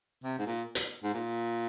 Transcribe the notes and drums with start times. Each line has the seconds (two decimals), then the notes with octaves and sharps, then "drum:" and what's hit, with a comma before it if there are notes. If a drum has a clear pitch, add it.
0.24 C3
0.39 G#2
0.46 A#2
0.75 drum: hi-hat
1.03 G#2
1.14 A#2